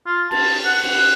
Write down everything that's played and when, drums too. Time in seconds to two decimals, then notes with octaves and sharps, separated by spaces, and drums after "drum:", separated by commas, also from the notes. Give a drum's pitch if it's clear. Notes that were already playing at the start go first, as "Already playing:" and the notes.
0.06 F4
0.31 A5, drum: cymbal
0.65 F#5
0.83 drum: cymbal